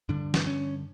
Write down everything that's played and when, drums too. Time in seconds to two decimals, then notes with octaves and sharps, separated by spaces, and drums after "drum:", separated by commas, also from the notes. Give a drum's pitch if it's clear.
0.09 G2 D3 D4
0.34 drum: snare
0.47 C#4